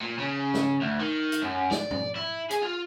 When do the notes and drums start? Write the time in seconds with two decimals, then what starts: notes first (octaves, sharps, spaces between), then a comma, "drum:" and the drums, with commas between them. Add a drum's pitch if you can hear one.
0.01 A#2
0.19 C#3
0.54 drum: snare
0.81 D2
1.00 D#3
1.32 drum: hi-hat
1.41 F#2
1.71 D5, drum: snare
1.91 drum: tom
2.15 E4
2.51 G#4, drum: hi-hat
2.62 F4